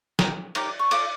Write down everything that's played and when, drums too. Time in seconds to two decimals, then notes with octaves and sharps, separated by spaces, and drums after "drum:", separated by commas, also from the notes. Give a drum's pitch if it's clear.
0.19 D#4 G4 A#4, drum: snare
0.55 D#4 G4 A#4 D6, drum: cymbal
0.79 C#6
0.91 F4 A4 D5 D6, drum: cymbal